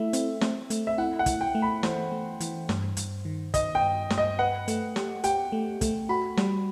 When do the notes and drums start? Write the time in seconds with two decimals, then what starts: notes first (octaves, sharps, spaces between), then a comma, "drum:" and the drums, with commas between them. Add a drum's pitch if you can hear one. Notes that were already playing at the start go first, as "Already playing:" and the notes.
Already playing: A3 E4 E5
0.13 C4, drum: hi-hat
0.41 C4, drum: snare
0.70 A3, drum: hi-hat
0.87 E5
0.98 E4 F#5
1.19 F#5
1.26 E4, drum: kick, hi-hat
1.41 G5
1.55 A3
1.62 B5
1.83 E3 C5, drum: snare
2.12 A3
2.40 E3, drum: hi-hat
2.69 G2, drum: snare
2.97 G2, drum: hi-hat
3.25 D#3
3.54 D#3 D#5, drum: kick, hi-hat
3.75 G5
3.82 G2
4.10 G2, drum: snare
4.18 D#5
4.39 B4 F#5
4.68 A3, drum: hi-hat
4.96 G4, drum: snare
5.24 G4 G5, drum: hi-hat
5.52 A3
5.81 A3, drum: kick, hi-hat
6.09 F#4 B5
6.37 G3, drum: snare